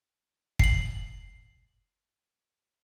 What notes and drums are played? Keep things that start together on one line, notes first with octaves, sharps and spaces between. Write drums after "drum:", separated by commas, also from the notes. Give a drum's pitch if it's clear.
C7 F#7, drum: kick